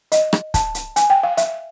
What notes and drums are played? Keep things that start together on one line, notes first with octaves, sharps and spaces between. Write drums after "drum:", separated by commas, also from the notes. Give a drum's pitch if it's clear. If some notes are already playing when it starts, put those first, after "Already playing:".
D#5, drum: hi-hat
drum: rim click
A5, drum: kick, hi-hat
drum: hi-hat
G#5, drum: hi-hat
G5
F5
E5, drum: hi-hat